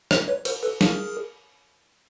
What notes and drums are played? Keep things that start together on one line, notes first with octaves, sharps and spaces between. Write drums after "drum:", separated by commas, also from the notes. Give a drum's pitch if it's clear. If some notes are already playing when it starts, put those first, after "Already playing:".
A#4 C5, drum: rim click
B4 C#5
A#4 C5, drum: cymbal
A4 B4
G#4 A#4, drum: snare